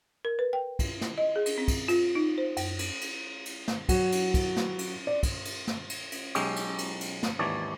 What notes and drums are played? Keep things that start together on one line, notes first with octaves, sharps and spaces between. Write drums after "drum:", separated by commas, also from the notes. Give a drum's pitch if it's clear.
A#4
B4
G5
drum: kick, cymbal
drum: snare
D#5
G#4
drum: cymbal
C4
drum: kick, cymbal
F4, drum: cymbal
D#4
C5
F#2, drum: cymbal
drum: cymbal
drum: cymbal
drum: cymbal
drum: snare
F#3, drum: kick, cymbal
drum: cymbal
drum: kick, cymbal
drum: snare
drum: cymbal
D5
drum: kick, cymbal
drum: cymbal
drum: snare
drum: cymbal
drum: cymbal
B1 G#3 C#4 G4, drum: cymbal
drum: cymbal
drum: cymbal
drum: cymbal
drum: snare
G#1 D#2 E3 C#5 D5 A5